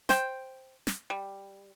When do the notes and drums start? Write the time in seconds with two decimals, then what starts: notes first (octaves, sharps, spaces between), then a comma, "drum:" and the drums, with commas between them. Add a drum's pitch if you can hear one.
0.09 C5 G5, drum: snare
0.87 drum: snare
1.10 G3